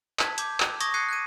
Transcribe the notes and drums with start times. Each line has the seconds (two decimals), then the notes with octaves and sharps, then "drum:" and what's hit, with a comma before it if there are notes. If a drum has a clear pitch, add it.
0.19 A5 G#6 B6, drum: clap
0.38 D6 G6 G#6, drum: hi-hat
0.60 G#6, drum: clap
0.81 C#6 D#6 G#6 A#6, drum: hi-hat
0.94 D#6 F#6 G#6 C7 C#7 D#7
1.09 F#6 G#6 D#7